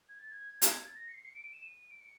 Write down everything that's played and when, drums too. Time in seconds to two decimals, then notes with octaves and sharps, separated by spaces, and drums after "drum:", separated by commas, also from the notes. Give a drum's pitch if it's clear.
0.08 G#6
0.19 A6
0.31 G#6
0.62 drum: hi-hat
0.86 A6
0.95 A#6
1.08 C#7
1.14 C7
1.25 C#7
1.34 D7
1.44 D#7
1.53 E7
1.63 D#7
1.90 D7
2.01 C#7